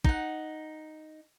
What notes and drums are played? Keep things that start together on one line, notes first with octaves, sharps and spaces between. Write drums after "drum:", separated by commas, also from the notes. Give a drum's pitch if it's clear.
D#4 F#5, drum: kick